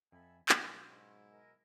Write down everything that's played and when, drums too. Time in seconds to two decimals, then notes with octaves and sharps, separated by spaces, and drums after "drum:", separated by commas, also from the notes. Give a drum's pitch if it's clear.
0.12 F2 A4 E5 G#5 B5
0.49 B2 F#3 C#4 E5 C6, drum: clap
0.89 G#2 E4
1.31 A#4 D#5 G#5